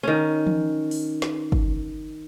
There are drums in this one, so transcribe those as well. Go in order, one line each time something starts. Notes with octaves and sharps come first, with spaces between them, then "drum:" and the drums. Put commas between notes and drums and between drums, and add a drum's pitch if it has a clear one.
D#3 C#4
drum: tom E3
drum: open hi-hat
drum: snare
drum: kick G1